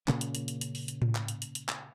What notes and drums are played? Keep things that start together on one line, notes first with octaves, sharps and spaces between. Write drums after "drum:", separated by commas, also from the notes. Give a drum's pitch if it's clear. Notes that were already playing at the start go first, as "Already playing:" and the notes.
A#2 C#3 A#3 C#4, drum: clap
drum: hi-hat
drum: hi-hat
drum: hi-hat
drum: hi-hat
drum: open hi-hat
drum: hi-hat
drum: tom A2
drum: clap
drum: hi-hat
drum: hi-hat
drum: hi-hat
drum: clap